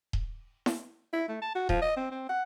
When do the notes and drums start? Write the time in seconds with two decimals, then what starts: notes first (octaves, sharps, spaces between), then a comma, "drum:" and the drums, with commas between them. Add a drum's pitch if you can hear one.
0.13 drum: kick D#1
0.66 drum: snare E4
1.13 E4
1.29 A3
1.41 A5
1.55 F#4
1.69 F3, drum: kick D#1
1.82 D#5
1.96 C4
2.11 C4
2.29 F#5